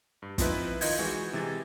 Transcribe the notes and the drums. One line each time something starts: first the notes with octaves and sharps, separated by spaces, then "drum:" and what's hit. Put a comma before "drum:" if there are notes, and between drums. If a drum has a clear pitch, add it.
G2
F3 C4 D#4 E4 B4, drum: kick, hi-hat
D#3 F4 D#5 G6 G#6, drum: open hi-hat
E3 G#3 F#4
C3 E3 G#3 A6